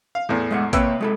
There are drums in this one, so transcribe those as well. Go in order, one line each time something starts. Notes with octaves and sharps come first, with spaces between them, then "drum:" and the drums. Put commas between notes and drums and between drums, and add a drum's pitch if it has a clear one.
F5
E2 A2
G#3 E5 F#5
C3 A#3 B4 C#5 G5 E6, drum: kick, hi-hat
G#3 A4 B5